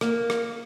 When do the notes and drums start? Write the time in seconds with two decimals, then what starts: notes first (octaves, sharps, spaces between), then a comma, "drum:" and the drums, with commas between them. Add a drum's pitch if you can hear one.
0.01 A#3, drum: rim click
0.30 drum: rim click